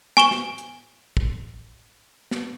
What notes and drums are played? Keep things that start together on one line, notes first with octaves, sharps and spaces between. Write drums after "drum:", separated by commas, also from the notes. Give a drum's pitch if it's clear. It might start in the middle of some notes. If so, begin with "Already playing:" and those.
G#5 C#6 E7 G7, drum: snare
drum: snare
drum: hi-hat
drum: kick
drum: snare